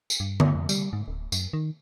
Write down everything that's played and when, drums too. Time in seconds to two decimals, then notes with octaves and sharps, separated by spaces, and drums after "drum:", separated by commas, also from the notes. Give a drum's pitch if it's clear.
0.10 drum: tambourine
0.20 G2
0.40 drum: tom D3
0.55 F2
0.69 G3, drum: tambourine
0.93 G#2
1.08 D1
1.32 F#2, drum: tambourine
1.53 D#3